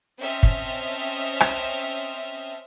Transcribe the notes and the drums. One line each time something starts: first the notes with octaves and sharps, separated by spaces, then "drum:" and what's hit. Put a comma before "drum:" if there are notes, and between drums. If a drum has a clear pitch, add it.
C4 C#4 D#5 E5 A5 F6
drum: kick
drum: rim click